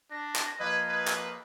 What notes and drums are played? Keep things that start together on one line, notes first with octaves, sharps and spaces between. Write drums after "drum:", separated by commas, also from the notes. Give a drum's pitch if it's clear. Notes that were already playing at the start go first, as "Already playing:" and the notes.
D4 A#6
drum: clap
F3 A#3 B4 D#5 G#6
B4
drum: clap